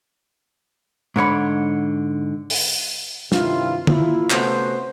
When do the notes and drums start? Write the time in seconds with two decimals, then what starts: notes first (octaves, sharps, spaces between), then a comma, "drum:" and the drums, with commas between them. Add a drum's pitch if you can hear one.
1.16 G#2 D3 C#5 B5
2.50 drum: open hi-hat
3.32 G2 C3 D#3 E4 F4, drum: snare
3.87 A#3 E4 F4, drum: tom
4.30 C3 A3 B3 C#4 F#4 C5, drum: clap